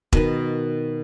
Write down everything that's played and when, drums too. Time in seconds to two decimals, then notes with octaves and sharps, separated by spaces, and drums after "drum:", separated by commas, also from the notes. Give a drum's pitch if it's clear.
0.13 B2 D#3 B4, drum: kick E1